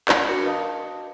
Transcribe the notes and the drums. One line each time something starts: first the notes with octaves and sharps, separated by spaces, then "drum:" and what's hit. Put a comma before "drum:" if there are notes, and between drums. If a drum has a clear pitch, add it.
C#6, drum: clap
D4 F#4 A#4 D6 A#6 C#7
A#4 B4 D#5 F5 A5 D#6